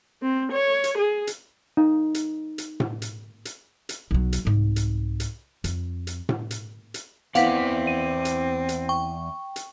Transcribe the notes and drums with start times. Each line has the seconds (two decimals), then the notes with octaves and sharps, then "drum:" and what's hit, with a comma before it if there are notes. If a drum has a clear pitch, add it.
0.22 C4
0.52 C#5
0.84 drum: hi-hat
0.98 G#4
1.27 drum: hi-hat
1.77 D#4
2.14 drum: hi-hat
2.58 drum: hi-hat
2.80 drum: tom A2
3.02 drum: hi-hat
3.45 drum: hi-hat
3.89 drum: hi-hat
4.11 B1 F#3
4.33 drum: hi-hat
4.45 C2 G#2
4.76 drum: hi-hat
5.20 drum: hi-hat
5.64 F2, drum: hi-hat
6.07 drum: hi-hat
6.29 drum: tom A2
6.51 drum: hi-hat
6.94 drum: hi-hat
7.35 E2 E3 B3 C4 D5 F5 F#5 B6, drum: hi-hat
7.87 D#7
8.25 drum: hi-hat
8.69 drum: hi-hat
8.89 G5 C#6
9.56 drum: hi-hat